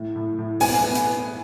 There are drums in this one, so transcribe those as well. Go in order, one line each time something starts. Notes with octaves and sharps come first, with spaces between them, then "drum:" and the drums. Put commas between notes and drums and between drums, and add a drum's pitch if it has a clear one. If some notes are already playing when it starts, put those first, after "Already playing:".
Already playing: A2
A2
A2
B3 G#5, drum: open hi-hat
B3
drum: hi-hat
B3